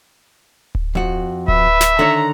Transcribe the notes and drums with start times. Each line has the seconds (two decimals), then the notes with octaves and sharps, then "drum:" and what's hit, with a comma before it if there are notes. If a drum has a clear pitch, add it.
0.75 drum: kick D1
0.95 F2 F#4
1.48 B4 E5, drum: kick D1
1.81 drum: snare
1.99 D3 D#3 C#5 A#5